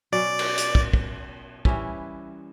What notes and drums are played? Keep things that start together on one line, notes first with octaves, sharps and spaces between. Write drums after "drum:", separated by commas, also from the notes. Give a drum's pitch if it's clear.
B2 F#3 C#4 D5
drum: cymbal
drum: hi-hat
drum: kick
drum: kick
E3 G3 C#4 E4, drum: kick